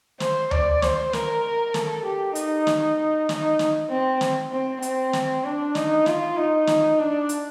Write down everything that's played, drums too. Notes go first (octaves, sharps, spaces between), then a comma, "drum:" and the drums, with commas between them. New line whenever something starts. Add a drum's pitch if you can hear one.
C5, drum: snare
D5, drum: tom D2
C5, drum: snare
A#4, drum: snare
A4, drum: snare
G4
D#4, drum: hi-hat
drum: snare
D#4, drum: snare
drum: snare
C4
drum: snare
C4
C4, drum: hi-hat
drum: snare
D4
D#4, drum: snare
F4, drum: snare
D#4
drum: snare
D4
drum: hi-hat